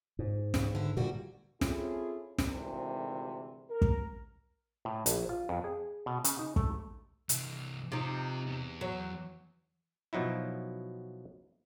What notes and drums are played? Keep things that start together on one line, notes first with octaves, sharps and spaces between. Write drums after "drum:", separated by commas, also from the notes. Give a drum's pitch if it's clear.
G#2
E2 C#3, drum: snare
D3 E4
A#2 D3 G3 F#4
C4 C#4 E4 F4 G#4 A4, drum: snare
G#1 D2 G2 C3 E3, drum: snare
A#4
drum: kick
A2
A#1, drum: hi-hat
F4
F2
G#4
B2
C#3, drum: hi-hat
D#4
A3, drum: kick
C2 E3, drum: hi-hat
C3 C4 D#4 F4
E2 B3
F#3 C#5
B2 F3 F#3 D#4 E4